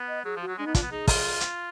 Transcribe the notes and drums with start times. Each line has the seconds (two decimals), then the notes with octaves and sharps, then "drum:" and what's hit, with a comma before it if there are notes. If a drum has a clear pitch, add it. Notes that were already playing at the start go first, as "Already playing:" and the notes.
Already playing: B3
0.08 D#5
0.25 F#3 G#4
0.36 F3
0.42 F#4
0.47 F#3
0.58 G#3 D4
0.66 B3 D#4
0.75 D4 F4, drum: kick, hi-hat
0.82 B3
0.91 D#4 G#4
1.08 F4, drum: kick, open hi-hat
1.40 drum: hi-hat